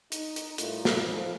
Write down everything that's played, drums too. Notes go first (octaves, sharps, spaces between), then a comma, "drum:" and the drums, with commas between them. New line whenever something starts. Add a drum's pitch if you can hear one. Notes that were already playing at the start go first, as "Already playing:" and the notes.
D#4, drum: hi-hat
drum: hi-hat
A2 G3 A3 F4 A#4, drum: hi-hat
drum: snare
G#2 F3